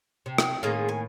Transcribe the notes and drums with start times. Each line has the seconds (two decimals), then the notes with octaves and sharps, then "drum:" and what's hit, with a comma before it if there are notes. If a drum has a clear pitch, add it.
0.26 C3
0.38 drum: rim click
0.63 A2 D#3 A#3 F4 G#4
0.89 G#5